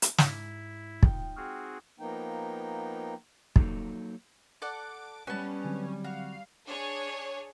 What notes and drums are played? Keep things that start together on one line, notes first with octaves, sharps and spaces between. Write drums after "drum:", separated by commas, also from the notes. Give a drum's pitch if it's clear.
drum: hi-hat
G#2 E4, drum: snare
D#4 F4 G5, drum: kick
C4 F#4 G#4 F6
F3 A#3 B3 D#4 G5
F#3 A#3 D#4 A4, drum: kick
A4 D5 F#5 D6
G3 B3 C#4 A5
D3 F#3 C4
F#4 F5
D4 G#4 C#5